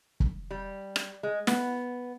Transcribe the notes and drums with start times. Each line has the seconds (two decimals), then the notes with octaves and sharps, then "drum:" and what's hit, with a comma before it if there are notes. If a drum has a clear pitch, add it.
0.20 drum: kick
0.51 G3
0.96 drum: rim click
1.23 G#3
1.47 B3, drum: snare